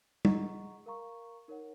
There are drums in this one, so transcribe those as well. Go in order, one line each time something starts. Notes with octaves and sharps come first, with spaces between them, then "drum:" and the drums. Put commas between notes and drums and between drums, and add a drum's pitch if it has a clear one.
G#4 D#5 F#5 A#5 C#6, drum: tom
A#4 F5 A#5 C#6
D#4 A#4 C#5 F#5